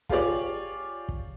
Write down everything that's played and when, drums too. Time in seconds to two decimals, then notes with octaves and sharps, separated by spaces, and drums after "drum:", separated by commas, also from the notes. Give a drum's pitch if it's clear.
0.09 F4 G4 G#4 C#5 D5, drum: kick
1.09 drum: kick